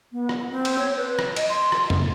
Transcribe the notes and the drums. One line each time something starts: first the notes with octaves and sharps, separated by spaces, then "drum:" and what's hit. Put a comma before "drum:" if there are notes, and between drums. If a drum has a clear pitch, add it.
B3
drum: rim click
C4
drum: cymbal
C#5
B4
drum: rim click
D#5, drum: cymbal
C6
drum: rim click
drum: tom F2